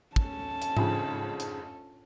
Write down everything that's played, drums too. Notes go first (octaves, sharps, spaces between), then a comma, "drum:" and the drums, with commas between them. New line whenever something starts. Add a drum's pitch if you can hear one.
C#4 A4 A5, drum: kick
drum: hi-hat
F2 G#2 C#3 D4 F4 E5, drum: tom G#2
drum: hi-hat